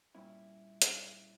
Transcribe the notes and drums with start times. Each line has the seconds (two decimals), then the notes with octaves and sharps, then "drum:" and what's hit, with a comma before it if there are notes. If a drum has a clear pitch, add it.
0.15 G2 A#2 C#4 E4
0.82 drum: hi-hat